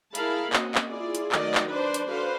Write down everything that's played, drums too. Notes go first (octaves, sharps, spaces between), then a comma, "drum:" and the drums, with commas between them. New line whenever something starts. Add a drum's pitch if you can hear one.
E4 G#4 A#4 F5 A5 B5, drum: hi-hat
A#3 C4 C#4 F#4 D#5, drum: clap
drum: clap
E4 F4 G#4 D5
drum: hi-hat
D#3 F#3 A3 D5 D#5, drum: clap
drum: clap
D4 B4 C5
drum: hi-hat
D4 F#4 A4 B4 C5 F5